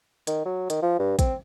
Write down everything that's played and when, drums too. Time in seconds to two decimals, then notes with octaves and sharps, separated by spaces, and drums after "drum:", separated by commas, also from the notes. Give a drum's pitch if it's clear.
0.27 D#3, drum: hi-hat
0.45 F#3
0.70 D#3, drum: hi-hat
0.82 F3
0.99 G2
1.19 C4, drum: kick, hi-hat